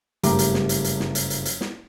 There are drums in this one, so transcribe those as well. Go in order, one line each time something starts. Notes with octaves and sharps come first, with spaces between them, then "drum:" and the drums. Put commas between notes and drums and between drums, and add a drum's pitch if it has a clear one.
F#1 G2 A3 G4 A#5 D6, drum: hi-hat
drum: hi-hat
drum: snare
drum: hi-hat
drum: hi-hat
drum: snare
drum: hi-hat
drum: hi-hat
drum: hi-hat
drum: snare